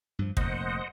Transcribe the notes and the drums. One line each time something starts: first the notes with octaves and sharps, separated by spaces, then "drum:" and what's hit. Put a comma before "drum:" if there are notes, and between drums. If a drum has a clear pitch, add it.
G2 F3
F1 A#2 C5 D#5 F#5, drum: kick